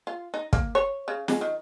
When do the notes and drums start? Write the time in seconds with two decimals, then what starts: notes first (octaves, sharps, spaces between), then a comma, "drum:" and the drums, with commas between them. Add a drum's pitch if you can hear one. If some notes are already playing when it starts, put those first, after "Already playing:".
0.07 F4
0.34 D#4
0.53 A#3, drum: kick
0.75 C#5
1.08 C#3
1.28 G#3, drum: snare
1.41 D#3